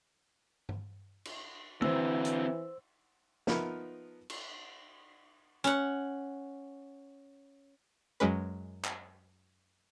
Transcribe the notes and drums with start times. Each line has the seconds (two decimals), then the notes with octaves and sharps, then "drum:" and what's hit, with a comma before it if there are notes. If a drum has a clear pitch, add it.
0.69 drum: tom
1.25 drum: cymbal
1.82 D3 E3 C4 C5 E6, drum: tom
2.25 drum: hi-hat
3.47 F3 B3 D#4 A#4 B4 E5, drum: snare
4.30 drum: cymbal
5.64 C#4 F#5, drum: hi-hat
8.20 F#2 F#3 G#3 C#4 B4
8.85 drum: clap